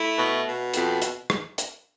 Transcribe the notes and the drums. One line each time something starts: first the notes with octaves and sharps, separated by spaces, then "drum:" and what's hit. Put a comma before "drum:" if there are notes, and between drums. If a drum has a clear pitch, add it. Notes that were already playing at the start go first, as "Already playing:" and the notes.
Already playing: A3 E4
B2
B2
F2, drum: hi-hat
drum: hi-hat
drum: rim click
drum: hi-hat